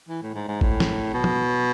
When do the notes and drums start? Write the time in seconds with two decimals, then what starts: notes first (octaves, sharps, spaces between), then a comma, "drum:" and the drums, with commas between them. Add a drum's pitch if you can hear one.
0.08 E3
0.22 A2
0.35 G#2
0.48 G#2
0.61 A2, drum: kick G#1
0.80 drum: snare
1.13 B2
1.24 drum: tom